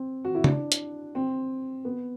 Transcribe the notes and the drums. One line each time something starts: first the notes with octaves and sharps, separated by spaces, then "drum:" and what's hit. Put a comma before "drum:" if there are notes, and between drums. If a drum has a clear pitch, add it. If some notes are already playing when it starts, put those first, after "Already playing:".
Already playing: C4
F#4
E4
D4, drum: tom
drum: hi-hat
C4
B3